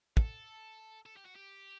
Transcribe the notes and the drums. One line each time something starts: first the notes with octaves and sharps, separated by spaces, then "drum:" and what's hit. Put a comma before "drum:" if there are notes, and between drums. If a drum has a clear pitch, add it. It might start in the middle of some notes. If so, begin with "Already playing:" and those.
A4, drum: kick
A4
G4
F#4
G4